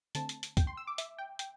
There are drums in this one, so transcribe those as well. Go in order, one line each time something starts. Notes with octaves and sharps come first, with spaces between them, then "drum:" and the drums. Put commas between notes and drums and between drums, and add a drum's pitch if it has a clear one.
D3 A3 C4 A5, drum: hi-hat
drum: hi-hat
drum: hi-hat
G5, drum: kick C#2, hi-hat
C6
E6
D6
E5, drum: hi-hat
G5
G5, drum: hi-hat